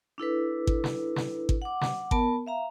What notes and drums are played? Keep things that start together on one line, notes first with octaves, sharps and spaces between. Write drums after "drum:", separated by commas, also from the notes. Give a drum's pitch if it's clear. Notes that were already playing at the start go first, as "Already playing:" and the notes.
D4 E4 A4 B4
drum: kick G#1
drum: snare
drum: snare
drum: kick G#1
F#5 D6
drum: snare
B3 A#4 A5, drum: kick G#1
E5 F5 A#5